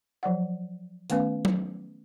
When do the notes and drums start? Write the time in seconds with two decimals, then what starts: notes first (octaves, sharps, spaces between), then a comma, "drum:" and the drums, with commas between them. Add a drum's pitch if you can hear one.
0.23 F3 F#3 D5 F#5
1.10 D#3 A3 B3 C#4 B4 F5, drum: hi-hat
1.45 drum: tom F#3